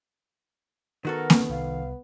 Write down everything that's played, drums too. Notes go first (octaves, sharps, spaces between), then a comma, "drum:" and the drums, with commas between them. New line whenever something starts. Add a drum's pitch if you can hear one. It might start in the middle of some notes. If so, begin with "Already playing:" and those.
D#3 B3 F#4 A4 A#4
drum: snare A#3
C2 F5